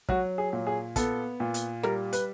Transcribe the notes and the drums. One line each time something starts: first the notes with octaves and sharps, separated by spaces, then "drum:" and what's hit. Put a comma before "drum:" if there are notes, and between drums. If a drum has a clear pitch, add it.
F#3 F#4, drum: kick
G#4
A#2
G#4
B3 A4, drum: kick, hi-hat
A#2
drum: hi-hat
G3 A#4, drum: rim click
B4, drum: hi-hat